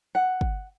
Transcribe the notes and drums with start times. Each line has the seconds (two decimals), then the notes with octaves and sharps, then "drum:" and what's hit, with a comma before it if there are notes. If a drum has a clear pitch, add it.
0.15 F#5
0.41 drum: kick